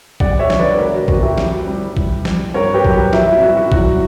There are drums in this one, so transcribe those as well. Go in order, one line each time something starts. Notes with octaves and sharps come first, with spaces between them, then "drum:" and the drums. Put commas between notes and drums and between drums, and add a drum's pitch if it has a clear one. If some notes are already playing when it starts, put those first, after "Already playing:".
G3 D5 F#5, drum: kick
C#5 E5
D3, drum: snare
B4 D5
B4
D2 F#4 A#4
F#4
D2 F#4, drum: kick
E4 G4
F#2, drum: snare
G3
E3, drum: kick
G3, drum: snare
G2 A#4 C#5
G4 B4
F#3, drum: kick
G4
F#4
A#2 E4, drum: snare
E4
E4
G3 F#4
F#4
F#3 F#4, drum: kick